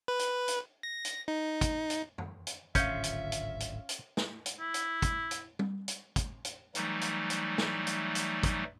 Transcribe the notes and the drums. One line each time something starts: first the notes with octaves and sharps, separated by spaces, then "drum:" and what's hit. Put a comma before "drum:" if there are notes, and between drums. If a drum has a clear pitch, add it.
B4
drum: hi-hat
drum: hi-hat
A#6
drum: hi-hat
D#4
drum: kick, hi-hat
drum: hi-hat
drum: tom
drum: hi-hat
D1 G#1 D3 C#4 F4 E5 D#6 G6, drum: kick, hi-hat
drum: hi-hat
drum: hi-hat
drum: hi-hat
drum: hi-hat
drum: snare
drum: hi-hat
E4
drum: hi-hat
drum: kick, hi-hat
drum: hi-hat
drum: tom
drum: hi-hat
drum: kick, hi-hat
drum: hi-hat
E3 F#3 G3 A3 D#4, drum: hi-hat
drum: hi-hat
drum: hi-hat
drum: snare
drum: hi-hat
drum: hi-hat
drum: kick, hi-hat